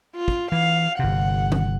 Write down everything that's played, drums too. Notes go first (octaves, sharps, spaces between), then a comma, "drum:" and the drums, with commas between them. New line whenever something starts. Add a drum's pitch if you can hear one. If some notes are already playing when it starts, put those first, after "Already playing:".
F4
drum: kick
E3 F5
G1 C3 F#5
drum: tom D#3